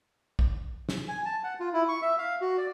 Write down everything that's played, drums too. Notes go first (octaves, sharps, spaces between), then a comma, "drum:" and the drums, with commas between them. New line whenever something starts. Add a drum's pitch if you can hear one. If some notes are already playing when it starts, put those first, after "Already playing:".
drum: kick
drum: snare
G#5
A5
F#5
F4
E4
C#6
E5
F5
F#4
D5